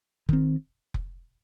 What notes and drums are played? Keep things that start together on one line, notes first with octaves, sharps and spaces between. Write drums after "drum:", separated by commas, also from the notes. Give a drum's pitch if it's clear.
D#3 C4, drum: kick F1
drum: kick F1